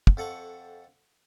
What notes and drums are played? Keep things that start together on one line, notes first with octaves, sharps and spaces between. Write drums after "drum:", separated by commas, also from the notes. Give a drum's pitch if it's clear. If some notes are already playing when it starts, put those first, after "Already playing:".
drum: kick
F2 A4 F#5 A5 C#6